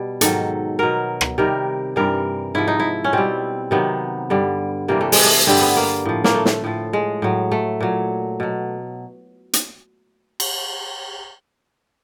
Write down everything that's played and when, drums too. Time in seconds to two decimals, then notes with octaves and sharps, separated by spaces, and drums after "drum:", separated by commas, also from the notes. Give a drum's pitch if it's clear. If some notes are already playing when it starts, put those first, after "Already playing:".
Already playing: B2 G3
0.21 G#2 D#3 F#3 A4, drum: hi-hat
0.79 B2 F#3 A#4
1.21 drum: rim click
1.38 C3 D#3 G3 A#4
1.96 G2 E3 G3 A#4
2.55 G#2 F3 E4
2.68 D#4
2.80 E4
3.04 C#4
3.13 B2 G3 C4
3.71 C3 D#3 F#3 B3
4.30 G2 D3 G3
4.88 C3 E3 G3 A#3
5.01 A3
5.12 G#3, drum: open hi-hat
5.24 A3
5.47 G2 D3 G3 C4
5.61 B3
5.76 A#3
6.05 A2 F3
6.24 A#3, drum: snare
6.34 A3
6.45 drum: snare
6.64 A2 F3
6.93 G#3
7.22 A2 F#3
7.52 A3
7.80 A#2 F#3
8.40 B2 F#3
9.53 drum: hi-hat
10.40 drum: cymbal